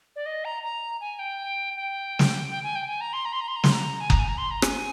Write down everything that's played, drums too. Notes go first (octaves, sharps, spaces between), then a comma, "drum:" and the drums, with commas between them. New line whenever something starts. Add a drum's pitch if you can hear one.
D5
D#5
A#5
A#5
G#5
G5
G5
drum: snare
G5
G#5
G5
G#5
A#5
C6
A#5
C6
A#5
C6
A#5
C6, drum: snare
A#5
G#5
A#5, drum: kick F#1
G#5
A#5
C6
A#5
G#5, drum: rim click